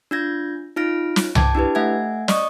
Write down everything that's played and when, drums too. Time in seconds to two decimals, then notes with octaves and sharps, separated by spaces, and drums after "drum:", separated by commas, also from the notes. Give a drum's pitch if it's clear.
0.11 D4 F4 G6 G#6 A#6
0.76 D#4 F4 F6 A#6 D7
1.16 drum: snare
1.35 G5 A5 D6 G#6, drum: tom C2
1.55 D4 E4 G4 B4
1.75 A3 E5 F#5 G#5 G#6
2.28 D5 D#5 C#6 D#6, drum: snare